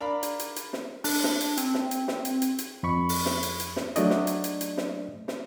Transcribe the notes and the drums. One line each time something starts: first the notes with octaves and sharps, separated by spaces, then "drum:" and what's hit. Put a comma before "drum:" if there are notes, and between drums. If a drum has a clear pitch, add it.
D4 A#4 F5 A#5 B5
drum: hi-hat
drum: hi-hat
drum: hi-hat
drum: snare
D4, drum: open hi-hat
drum: snare
drum: hi-hat
C4, drum: hi-hat
drum: snare
drum: hi-hat
drum: snare
drum: hi-hat
drum: hi-hat
drum: hi-hat
F2 B5 C#6
drum: open hi-hat
drum: snare
drum: hi-hat
drum: hi-hat
drum: snare
F#3 A3 D4 D5 D#5, drum: hi-hat
drum: snare
drum: hi-hat
drum: hi-hat
drum: hi-hat
drum: snare
drum: snare